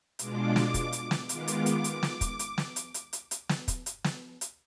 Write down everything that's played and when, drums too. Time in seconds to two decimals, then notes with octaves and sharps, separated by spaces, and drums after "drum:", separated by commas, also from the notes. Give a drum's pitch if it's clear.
0.19 B2 G#3 D4 F4 D6, drum: hi-hat
0.56 drum: snare
0.74 drum: kick, hi-hat
0.93 drum: hi-hat
1.11 drum: snare
1.29 D#3 G#3 B3 F4 D6, drum: hi-hat
1.48 drum: hi-hat
1.66 drum: hi-hat
1.84 drum: hi-hat
2.03 drum: snare
2.21 drum: kick, hi-hat
2.39 drum: hi-hat
2.58 drum: snare
2.76 drum: hi-hat
2.94 drum: hi-hat
3.13 drum: hi-hat
3.31 drum: hi-hat
3.49 drum: snare
3.68 drum: kick, hi-hat
3.86 drum: hi-hat
4.04 drum: snare
4.41 drum: hi-hat